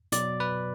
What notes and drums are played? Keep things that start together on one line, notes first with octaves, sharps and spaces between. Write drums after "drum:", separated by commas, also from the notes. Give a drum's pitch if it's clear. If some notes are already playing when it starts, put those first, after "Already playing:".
B2 F#3 D5, drum: hi-hat
B4